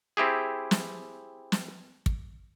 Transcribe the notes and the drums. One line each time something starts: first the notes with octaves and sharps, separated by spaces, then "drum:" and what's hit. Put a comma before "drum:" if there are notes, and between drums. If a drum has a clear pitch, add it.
C4 E4 G4 G#4
drum: snare
drum: snare
drum: kick